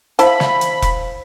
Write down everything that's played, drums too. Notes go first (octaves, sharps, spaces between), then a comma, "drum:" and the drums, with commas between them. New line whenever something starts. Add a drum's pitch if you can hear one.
E4 C5 F5 A5 B5, drum: hi-hat
drum: snare
drum: hi-hat
drum: kick E1, hi-hat